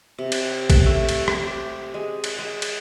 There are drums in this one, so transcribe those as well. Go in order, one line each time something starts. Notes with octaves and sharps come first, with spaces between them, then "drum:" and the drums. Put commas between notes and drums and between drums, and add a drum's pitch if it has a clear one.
C3
drum: cymbal
A5, drum: kick, cymbal
A3
drum: cymbal
drum: rim click
G4
G#3
drum: cymbal
G#3
drum: cymbal